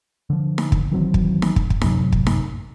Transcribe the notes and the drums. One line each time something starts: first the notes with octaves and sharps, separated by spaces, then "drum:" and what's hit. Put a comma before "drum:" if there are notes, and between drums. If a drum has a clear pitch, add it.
D3 F3
drum: snare D#4
drum: kick
D#3 E3 F#3 C4
drum: kick
drum: snare D#4
drum: kick
drum: kick
A1 F#2 C3 F#3, drum: snare D#4
drum: kick
drum: snare D#4